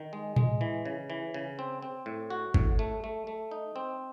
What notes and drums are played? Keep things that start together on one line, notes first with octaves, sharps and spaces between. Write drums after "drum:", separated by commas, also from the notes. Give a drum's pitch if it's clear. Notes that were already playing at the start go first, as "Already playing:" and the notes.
Already playing: D#3
G#3
G#3, drum: tom A2
E3
C#3
E3
C#3
C4
C4
A2
F#4
A2, drum: kick G1
A3
A3
A3
D#4
C4